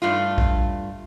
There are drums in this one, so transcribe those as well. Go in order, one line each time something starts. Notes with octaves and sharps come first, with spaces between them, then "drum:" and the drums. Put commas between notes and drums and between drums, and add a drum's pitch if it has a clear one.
G2 A3 F4
drum: kick A#1